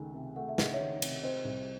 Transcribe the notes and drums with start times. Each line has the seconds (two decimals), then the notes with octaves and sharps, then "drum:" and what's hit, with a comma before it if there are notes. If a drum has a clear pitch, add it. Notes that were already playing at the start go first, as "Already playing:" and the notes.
Already playing: C#2 D#3 A3 G#5
0.14 C3
0.36 A3 F#5
0.49 E5
0.58 C#2 D#5, drum: snare
0.73 C#5 E5
0.80 D#3
1.02 C3, drum: cymbal
1.23 C4 C5 D#5
1.45 C2